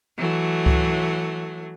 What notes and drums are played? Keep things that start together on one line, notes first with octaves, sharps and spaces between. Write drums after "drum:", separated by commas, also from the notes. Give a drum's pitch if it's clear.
E3 F#3 A3
drum: kick C#2